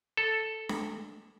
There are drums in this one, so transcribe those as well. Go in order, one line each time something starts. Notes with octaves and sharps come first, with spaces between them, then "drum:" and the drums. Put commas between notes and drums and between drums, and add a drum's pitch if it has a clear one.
A4
drum: snare D4